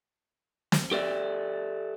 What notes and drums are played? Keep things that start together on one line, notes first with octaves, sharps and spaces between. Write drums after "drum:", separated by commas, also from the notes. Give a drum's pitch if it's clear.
drum: snare
G4 A4 D5 E5